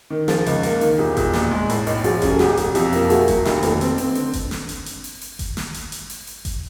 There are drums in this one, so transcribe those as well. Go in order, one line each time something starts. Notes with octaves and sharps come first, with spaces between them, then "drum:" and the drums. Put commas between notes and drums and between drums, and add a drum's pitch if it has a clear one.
D#3
F3 G#4 A#4, drum: snare
C#2, drum: hi-hat
A#3, drum: hi-hat
D#3, drum: open hi-hat
E1 F4 G4
E1, drum: kick G1, hi-hat
A#1, drum: snare
G#3
A2, drum: hi-hat
B1, drum: open hi-hat
F3 F#4 G#4, drum: open hi-hat
F#2 G#4, drum: kick G1, hi-hat
G4 A4
E1 F#4 G#4, drum: snare
E1 G4 A4, drum: hi-hat
F2 F4 G4, drum: hi-hat
A#3, drum: open hi-hat
A3 F#4 G#4, drum: open hi-hat
F#3, drum: kick G1, hi-hat
F1 F4 G4, drum: snare
D#2 A4 B4, drum: hi-hat
C4, drum: hi-hat
C4, drum: open hi-hat
D3, drum: open hi-hat
drum: kick G1, hi-hat
drum: snare
drum: hi-hat
drum: hi-hat
drum: open hi-hat
drum: open hi-hat
drum: kick G1, hi-hat
drum: snare
drum: hi-hat
drum: hi-hat
drum: open hi-hat
drum: open hi-hat
drum: kick G1, hi-hat